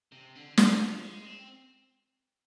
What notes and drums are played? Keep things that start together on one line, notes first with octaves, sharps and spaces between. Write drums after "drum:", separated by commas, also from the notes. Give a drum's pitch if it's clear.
C3
D3
D3, drum: snare
F3
G#3
C4